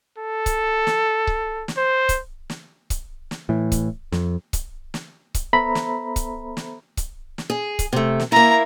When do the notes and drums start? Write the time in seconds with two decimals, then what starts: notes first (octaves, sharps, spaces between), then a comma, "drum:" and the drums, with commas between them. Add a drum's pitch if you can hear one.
0.18 A4
0.46 drum: kick C#1, hi-hat
0.87 drum: snare
1.27 drum: kick C#1
1.68 drum: snare
1.77 C5
2.09 drum: kick C#1, hi-hat
2.50 drum: snare
2.90 drum: kick C#1, hi-hat
3.31 drum: snare
3.49 A2 E3
3.72 drum: kick C#1, hi-hat
4.12 F2, drum: snare
4.53 drum: kick C#1, hi-hat
4.94 drum: snare
5.34 drum: kick C#1, hi-hat
5.53 B3 A4 C5 E5 A#5 B5
5.75 drum: snare
6.16 drum: kick C#1, hi-hat
6.57 drum: snare
6.97 drum: kick C#1, hi-hat
7.38 drum: snare
7.50 G#4
7.79 drum: kick C#1, hi-hat
7.93 C3 A3
8.19 drum: snare
8.32 A#3 E4 A#5